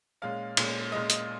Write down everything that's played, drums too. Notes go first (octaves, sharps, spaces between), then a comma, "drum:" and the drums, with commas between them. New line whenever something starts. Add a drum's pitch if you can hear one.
A#2 G#3 C#4 F5
A#2 G#3 C#4, drum: cymbal
A#2 G#3 C#4 D#5
D#5, drum: hi-hat